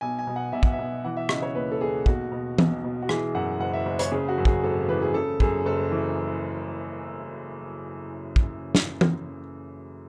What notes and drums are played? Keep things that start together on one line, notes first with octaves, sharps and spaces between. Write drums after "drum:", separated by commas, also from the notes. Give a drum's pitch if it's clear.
B1 G#5
G#5
B2
F#5
B1 E5
F#5, drum: kick
E5
B2
E3 F#5
E5
C#3 D#5, drum: rim click
C#5
D#2 B4
A4
D#2 G#4
B1 F#4, drum: kick
B2
B1, drum: tom E3
B2
F#4
E3 G#4, drum: rim click
F#2 F#5
F#1 F#5
E5
F#1
C#5, drum: hi-hat
C#3 G#4
F#4
F#2
G#4, drum: kick
G#1 A4
E3 B4
G#4
C#3 A4
F#2 G#4, drum: kick
F#1 A4
E3
drum: kick
drum: snare
drum: tom E3